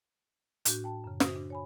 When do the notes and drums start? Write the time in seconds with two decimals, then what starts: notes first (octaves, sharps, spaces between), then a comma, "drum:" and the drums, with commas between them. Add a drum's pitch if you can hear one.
0.65 A2 D4 F#4 G6, drum: hi-hat
0.84 G5 A5
1.04 F#2 C#3
1.20 F#4 C5 D#6, drum: snare
1.36 D4
1.50 C#5 G#5 B5